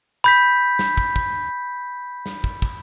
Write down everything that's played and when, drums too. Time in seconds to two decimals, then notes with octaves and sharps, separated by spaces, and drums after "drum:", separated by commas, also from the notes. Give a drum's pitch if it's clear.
0.24 B5 G6 B6
0.79 drum: snare
0.97 drum: kick
1.16 drum: kick
2.26 drum: snare
2.44 drum: kick
2.62 drum: kick